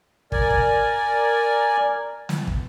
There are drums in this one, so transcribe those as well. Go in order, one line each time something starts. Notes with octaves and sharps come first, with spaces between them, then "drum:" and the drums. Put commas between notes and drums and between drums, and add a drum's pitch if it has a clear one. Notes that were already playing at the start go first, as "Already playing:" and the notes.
A#4 D5 G#5, drum: kick
drum: kick
drum: snare
drum: kick